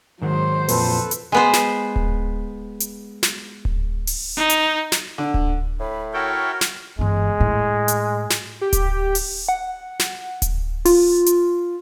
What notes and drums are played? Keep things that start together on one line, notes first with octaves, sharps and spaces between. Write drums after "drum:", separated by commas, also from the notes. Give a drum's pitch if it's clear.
G#2 D#3 F#3 C5 F#5
F2 A#2 A4 B4, drum: open hi-hat
drum: hi-hat
G#3 B3 C5
drum: snare
drum: kick D1
drum: hi-hat
drum: snare
drum: kick D1
drum: open hi-hat
D#4
drum: hi-hat
drum: snare
D3
drum: kick D1
A2 B5
E4 F#4 A4 A#4 C#5 G5 F6
drum: snare
G1 E3 G#3
A2
drum: hi-hat
drum: snare
G4
drum: kick D1, hi-hat
drum: open hi-hat
F#5
drum: snare
drum: kick D1, hi-hat
F4, drum: open hi-hat
drum: hi-hat